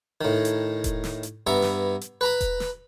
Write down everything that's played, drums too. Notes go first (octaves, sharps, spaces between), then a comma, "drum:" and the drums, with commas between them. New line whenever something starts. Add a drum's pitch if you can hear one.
A2 D#3
drum: hi-hat
drum: kick E1, hi-hat
drum: snare
drum: hi-hat
G2 B3 E5 A#5
drum: snare
drum: hi-hat
B4 A#5 B5
drum: kick E1, hi-hat
drum: snare